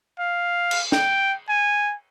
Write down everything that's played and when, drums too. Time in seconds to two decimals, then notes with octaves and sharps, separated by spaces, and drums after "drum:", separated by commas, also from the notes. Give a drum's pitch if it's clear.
0.19 F5
0.71 drum: cymbal
0.92 G5, drum: snare
1.49 G#5